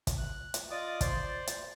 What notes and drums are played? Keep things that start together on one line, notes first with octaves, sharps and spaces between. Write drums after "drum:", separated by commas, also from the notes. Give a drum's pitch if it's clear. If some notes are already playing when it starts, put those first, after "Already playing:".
drum: kick, hi-hat
F#6
drum: hi-hat
F4 D5 D#5 D6 D#6
C5 D5, drum: kick, hi-hat
drum: hi-hat